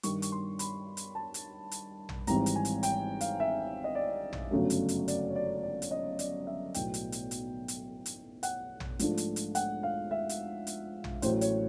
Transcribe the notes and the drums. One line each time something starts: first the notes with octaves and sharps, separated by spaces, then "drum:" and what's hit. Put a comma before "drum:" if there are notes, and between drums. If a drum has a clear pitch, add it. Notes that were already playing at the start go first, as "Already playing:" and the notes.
G2 D#3 G3 C#6, drum: hi-hat
C#6, drum: hi-hat
C6
B5, drum: hi-hat
drum: hi-hat
A5
drum: hi-hat
drum: hi-hat
drum: tom
G#1 G#2 E3 G3 C4 A#5, drum: hi-hat
drum: hi-hat
G#5
drum: hi-hat
G5, drum: hi-hat
F5, drum: hi-hat
E5
D#5
D5
drum: tom
G1 F#2 C#3 F#3 A3
drum: hi-hat
drum: hi-hat
D5, drum: hi-hat
C#5
D5
D5
drum: hi-hat
D#5
D5, drum: hi-hat
E5
B1 A2 F#3 B3 G5, drum: hi-hat
drum: hi-hat
drum: hi-hat
drum: hi-hat
drum: hi-hat
drum: hi-hat
F#5, drum: hi-hat
drum: tom
G#2 F3 A3 D4, drum: hi-hat
drum: hi-hat
drum: hi-hat
F#5, drum: hi-hat
F5
E5
drum: hi-hat
drum: hi-hat
drum: tom
A1 A2 F#3 C5, drum: hi-hat
C#5, drum: hi-hat